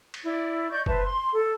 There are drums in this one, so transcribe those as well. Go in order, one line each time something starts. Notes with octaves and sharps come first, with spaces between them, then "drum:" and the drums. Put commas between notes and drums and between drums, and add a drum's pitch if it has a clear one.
drum: cymbal
E4 D5
D5 D#5 C#6 G6
B4 C5 E5 A5, drum: kick F#1
C6
A4